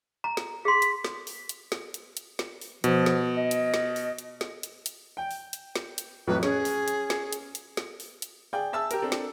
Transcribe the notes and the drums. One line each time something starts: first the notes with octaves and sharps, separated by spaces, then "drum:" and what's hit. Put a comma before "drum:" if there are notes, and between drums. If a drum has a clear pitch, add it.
A#5
drum: snare
G#4 C6 B6
drum: hi-hat
drum: snare
drum: open hi-hat
drum: hi-hat
drum: snare
drum: hi-hat
drum: hi-hat
drum: snare
drum: open hi-hat
B2 F3, drum: hi-hat
drum: snare
D#5
drum: hi-hat
drum: snare
drum: open hi-hat
drum: hi-hat
drum: snare
drum: hi-hat
drum: hi-hat
G5
drum: open hi-hat
drum: hi-hat
drum: snare
drum: hi-hat
F2 A2 F#3 B4
C#4 G#4, drum: snare
drum: open hi-hat
drum: hi-hat
drum: snare
drum: hi-hat
drum: hi-hat
drum: snare
drum: open hi-hat
drum: hi-hat
G#4 D5 G5
G#4 E5 A5 E6
G4 A#4, drum: hi-hat
C4 D4 A4
drum: snare